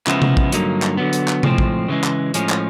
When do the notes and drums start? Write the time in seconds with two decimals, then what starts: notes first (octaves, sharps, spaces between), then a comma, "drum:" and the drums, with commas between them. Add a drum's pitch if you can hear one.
0.07 C#3 F3 G#3 B3 E4, drum: clap
0.22 drum: tom C3
0.37 drum: kick A1
0.52 G2 D3 F#3 A#3 D#4, drum: hi-hat
0.82 drum: clap
0.97 D3 F#3 B3
1.13 drum: hi-hat
1.28 drum: clap
1.43 A2 F3 G#3 C4, drum: tom C3
1.58 drum: kick A1
1.88 C#3 E3 G#3
2.04 drum: clap
2.34 A2 F3 G#3 C#4, drum: hi-hat
2.49 drum: clap